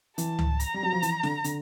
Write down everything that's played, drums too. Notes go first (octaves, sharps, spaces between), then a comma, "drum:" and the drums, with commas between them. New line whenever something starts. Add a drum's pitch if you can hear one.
E3 A5, drum: hi-hat
drum: tom C#2
A#5, drum: hi-hat
G3
F#3
F3
E3, drum: hi-hat
D3, drum: snare
D3, drum: hi-hat